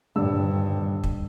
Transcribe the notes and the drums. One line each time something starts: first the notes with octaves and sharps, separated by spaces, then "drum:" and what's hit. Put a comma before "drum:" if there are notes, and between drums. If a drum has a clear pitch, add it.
D#1 G2 D3 E6
drum: kick